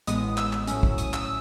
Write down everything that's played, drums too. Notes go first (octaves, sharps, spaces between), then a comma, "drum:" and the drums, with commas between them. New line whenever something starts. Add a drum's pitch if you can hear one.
A1 A2 G#3 B3 D#6, drum: hi-hat
E6, drum: clap
drum: clap
A2 F#3 A3 C#4, drum: hi-hat
drum: kick
D#6, drum: hi-hat
E6, drum: clap